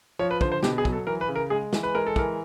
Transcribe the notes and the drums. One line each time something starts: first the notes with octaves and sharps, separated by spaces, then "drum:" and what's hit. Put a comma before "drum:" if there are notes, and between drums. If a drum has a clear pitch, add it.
F3 C#5
B4
D3 C5, drum: kick
C5
B2 G4, drum: snare
G#4
F#3, drum: kick
A4
E3 A#4
B4
C#3
A#4
G#3 G#4
E3, drum: snare
B4
G#3 A#4
A4
E3 A#4, drum: kick